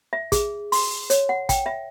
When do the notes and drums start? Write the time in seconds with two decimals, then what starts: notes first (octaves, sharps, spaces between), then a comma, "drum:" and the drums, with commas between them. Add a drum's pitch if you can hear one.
0.13 E5
0.32 G#4, drum: kick, hi-hat
0.72 C6, drum: open hi-hat
1.10 C#5, drum: hi-hat
1.29 F#5
1.49 G5, drum: kick, hi-hat
1.66 E5